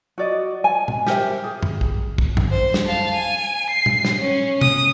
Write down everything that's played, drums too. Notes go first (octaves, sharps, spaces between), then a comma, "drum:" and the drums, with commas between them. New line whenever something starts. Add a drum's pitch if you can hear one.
F#4 D5 D#5
G#5
drum: tom
G4 A#4 C5 E5, drum: snare
G#4
drum: tom F#2
drum: kick
drum: kick
drum: tom F#2
C5
drum: snare
F5 A5
G#5
C7
drum: tom
drum: snare
C#4
D#6, drum: tom